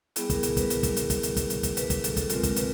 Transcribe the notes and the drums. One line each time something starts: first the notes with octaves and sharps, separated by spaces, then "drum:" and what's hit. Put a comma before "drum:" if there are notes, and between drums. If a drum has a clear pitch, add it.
G3 B3 E4 G#4, drum: hi-hat
A#4, drum: kick, hi-hat
A#4, drum: hi-hat
B4, drum: kick, hi-hat
B4, drum: hi-hat
drum: kick, hi-hat
drum: hi-hat
drum: kick, hi-hat
drum: hi-hat
drum: kick, hi-hat
drum: hi-hat
drum: kick, hi-hat
B4, drum: hi-hat
drum: kick, hi-hat
A4, drum: hi-hat
drum: kick, hi-hat
G#3 C4 F4 A#4, drum: hi-hat
drum: kick, hi-hat
B4, drum: hi-hat